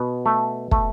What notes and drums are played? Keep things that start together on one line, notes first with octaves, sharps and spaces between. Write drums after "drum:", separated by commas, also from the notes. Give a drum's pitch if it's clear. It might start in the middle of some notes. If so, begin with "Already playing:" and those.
Already playing: B2 B3
A3
A3, drum: kick